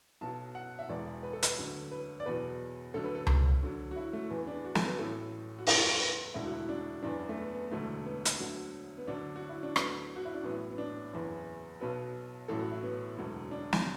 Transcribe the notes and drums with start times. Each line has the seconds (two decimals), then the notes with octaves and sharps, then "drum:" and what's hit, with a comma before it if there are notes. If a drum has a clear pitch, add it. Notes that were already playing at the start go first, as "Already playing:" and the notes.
0.21 B1 B2 F#3 A5
0.55 F#5
0.79 E5
0.89 E1 E2 E3 D5
1.23 B4
1.33 A4
1.43 B4, drum: hi-hat
1.58 D2 D3 F#3
1.91 B4
2.20 D5
2.26 E2 B2 F#3 B4
2.94 D2 D3 F#3 A4
3.04 B4
3.15 A4
3.27 drum: tom C#2
3.62 D2 D3 F#3
3.91 F#4
3.96 E4
4.13 A3
4.30 E2 E3 B3
4.43 B3
4.47 D4
4.65 F#4
4.75 A4, drum: snare
4.88 B4
4.98 A1 A2 F#3 A4
5.59 F#4
5.67 F#1 E2 E3 A4, drum: open hi-hat
6.00 B4
6.34 E1 D2 D3 E4
6.45 F#4
6.52 E4
6.69 D4
7.03 F#1 E2 E3 D4
7.29 A3
7.37 B3
7.54 B3
7.71 E1 D2 D3 F#3 A3
8.05 B3
8.25 drum: hi-hat
8.39 D2 D3 F#3
8.98 B3
9.07 D2 D3 F#3 D4
9.36 F#4
9.49 E4
9.63 D4
9.76 D2 D3 F#3 B3, drum: rim click
10.16 F#4
10.25 E4
10.34 D4
10.44 A1 A2 F#3 B3
10.70 B3
10.78 D4
11.13 F#1 E2 E3
11.80 B1 B2 F#3 B4
12.48 A1 A2 F#3 A4
12.60 F#4
12.72 E4
12.83 B3
13.17 E1 D2 D3 F#3
13.51 D4
13.73 drum: snare